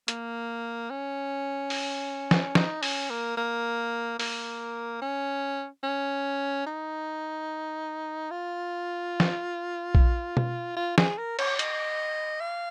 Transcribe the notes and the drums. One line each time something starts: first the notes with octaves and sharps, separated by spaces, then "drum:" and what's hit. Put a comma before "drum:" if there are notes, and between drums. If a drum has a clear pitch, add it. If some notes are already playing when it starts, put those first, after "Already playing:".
A#3, drum: hi-hat
C#4
drum: open hi-hat
drum: snare
D#4, drum: snare
C#4, drum: open hi-hat
A#3
A#3
A#3, drum: open hi-hat
C#4
C#4
D#4
F4
drum: snare
drum: kick A#1
drum: tom B2
F4
G#4, drum: snare
A#4
C#5, drum: cymbal
D#5, drum: hi-hat
F5